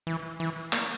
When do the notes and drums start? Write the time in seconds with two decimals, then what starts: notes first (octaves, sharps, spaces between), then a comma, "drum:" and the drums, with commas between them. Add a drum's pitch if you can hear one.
0.07 E3
0.40 E3
0.73 A#3, drum: clap